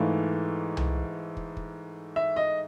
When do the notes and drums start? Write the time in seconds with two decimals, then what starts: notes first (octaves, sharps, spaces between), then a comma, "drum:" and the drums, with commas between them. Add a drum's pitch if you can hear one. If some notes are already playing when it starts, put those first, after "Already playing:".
Already playing: G#2 E3 A3 F5
0.77 drum: tom C2
1.37 drum: kick
1.57 drum: kick
2.16 E5
2.36 D#5